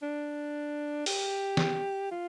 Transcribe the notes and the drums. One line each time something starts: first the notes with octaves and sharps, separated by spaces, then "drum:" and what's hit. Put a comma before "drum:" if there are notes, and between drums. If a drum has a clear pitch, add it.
D4
G4, drum: open hi-hat
drum: snare
F4